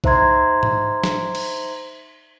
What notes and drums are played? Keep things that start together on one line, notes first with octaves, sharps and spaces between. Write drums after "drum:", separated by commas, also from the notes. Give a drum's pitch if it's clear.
D#4 C5 E5 A#5 C6 G#6, drum: kick A#1
drum: tom G#2
drum: snare
drum: cymbal